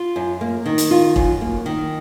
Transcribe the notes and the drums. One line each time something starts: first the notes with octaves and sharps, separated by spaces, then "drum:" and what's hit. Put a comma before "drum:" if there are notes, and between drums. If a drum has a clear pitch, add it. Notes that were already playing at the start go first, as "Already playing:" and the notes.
Already playing: F4
F#2
A#3
D#3
drum: hi-hat
F4
F#2, drum: kick E1
A#3
D#3